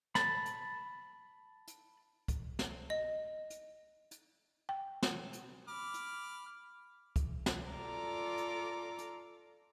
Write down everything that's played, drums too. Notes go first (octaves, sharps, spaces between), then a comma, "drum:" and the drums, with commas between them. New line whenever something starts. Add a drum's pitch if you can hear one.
A5 B5, drum: snare
drum: hi-hat
drum: hi-hat
drum: kick, hi-hat
drum: snare
D#5
drum: hi-hat
drum: hi-hat
G5
drum: snare
drum: hi-hat
B5 D6 F6
drum: hi-hat
drum: kick, hi-hat
drum: snare
F4 A4 D5 A#5 D6 F6
drum: hi-hat
drum: hi-hat